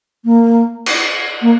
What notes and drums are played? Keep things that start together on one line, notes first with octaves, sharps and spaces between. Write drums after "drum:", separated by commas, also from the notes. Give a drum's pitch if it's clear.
A#3
drum: cymbal
A#3